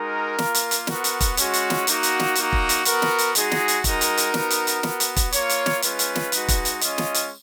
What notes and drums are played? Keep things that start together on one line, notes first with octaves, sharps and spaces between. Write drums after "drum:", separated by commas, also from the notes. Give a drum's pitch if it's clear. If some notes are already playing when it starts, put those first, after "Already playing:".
Already playing: G#3 D#4 F#4 A#4
A#3 F4, drum: snare
drum: hi-hat
drum: hi-hat
B3 F#4 A#4, drum: snare
drum: hi-hat
drum: kick E1, hi-hat
G#3 C#4 F#4, drum: hi-hat
drum: hi-hat
drum: snare
A#3 D#4 F#4, drum: hi-hat
drum: hi-hat
drum: snare
A#3 D#4 F#4, drum: hi-hat
drum: kick E1
drum: hi-hat
B3 F#4 A#4, drum: hi-hat
drum: snare
drum: hi-hat
G#3 D#4 F#4 G#4, drum: hi-hat
drum: snare
drum: hi-hat
G#3 D#4 F#4 A#4, drum: kick E1, hi-hat
drum: hi-hat
drum: hi-hat
B3 D#4 F#4, drum: snare
drum: hi-hat
drum: hi-hat
B3 F#4, drum: snare
drum: hi-hat
drum: kick E1, hi-hat
A#3 F4 C#5, drum: hi-hat
drum: hi-hat
drum: snare
G#3 C#4 F4 B4, drum: hi-hat
drum: hi-hat
drum: snare
G#3 D#4 F#4, drum: hi-hat
drum: kick E1, hi-hat
drum: hi-hat
G#3 C#4 F4 D#5, drum: hi-hat
drum: snare
drum: hi-hat